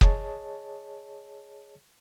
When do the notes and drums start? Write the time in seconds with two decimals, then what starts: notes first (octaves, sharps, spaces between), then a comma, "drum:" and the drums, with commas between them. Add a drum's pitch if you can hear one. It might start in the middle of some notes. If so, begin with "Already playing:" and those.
0.01 G#4 C#5 D#5 A5, drum: kick